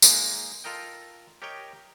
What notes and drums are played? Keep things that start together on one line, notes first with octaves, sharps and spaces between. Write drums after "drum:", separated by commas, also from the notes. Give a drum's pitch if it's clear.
G#3 A#3 D#4, drum: tambourine
F4 A4 A#4 D#5 G5
G4 A#4 C#5 D#5 G5